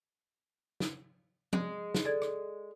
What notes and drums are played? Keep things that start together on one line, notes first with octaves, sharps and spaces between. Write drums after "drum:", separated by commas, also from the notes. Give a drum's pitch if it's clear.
drum: snare
G#3, drum: tom F3
drum: snare
A4 D5 G#6
drum: rim click